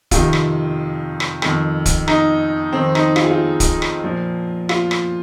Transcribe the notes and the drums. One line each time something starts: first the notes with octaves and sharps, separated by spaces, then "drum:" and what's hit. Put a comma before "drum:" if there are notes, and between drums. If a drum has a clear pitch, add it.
F2 C3 D#3 F4, drum: kick, hi-hat
drum: rim click
drum: rim click
F2 D#3, drum: rim click
drum: kick, hi-hat
D#4, drum: rim click
F2 D#3 C4
D#4, drum: rim click
F4, drum: rim click
G#4
F4
drum: kick, hi-hat
drum: rim click
A#2 F3
F4, drum: rim click
drum: rim click